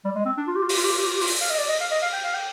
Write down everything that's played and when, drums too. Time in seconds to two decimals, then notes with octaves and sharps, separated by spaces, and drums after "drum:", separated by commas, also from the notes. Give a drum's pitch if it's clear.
0.04 G3
0.15 G#3
0.25 C4
0.37 D4
0.47 F4
0.55 G4
0.62 F4
0.69 G4, drum: open hi-hat
0.77 F4
0.84 G4
0.92 F4
0.99 G4
1.06 F4
1.14 G4
1.21 F4, drum: open hi-hat
1.41 F5
1.50 D#5
1.58 D5
1.69 D#5
1.81 F5
1.91 D#5
2.02 F5
2.13 G5
2.24 F5
2.34 G5